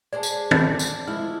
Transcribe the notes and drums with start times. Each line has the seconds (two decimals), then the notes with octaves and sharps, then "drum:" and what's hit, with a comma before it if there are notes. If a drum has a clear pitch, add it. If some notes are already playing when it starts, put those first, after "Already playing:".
0.13 G#3 G#4 C5 D5 A5 D6 G#6
0.23 drum: tambourine
0.51 drum: tom
0.79 drum: tambourine
1.07 F3 G#3 E4 F6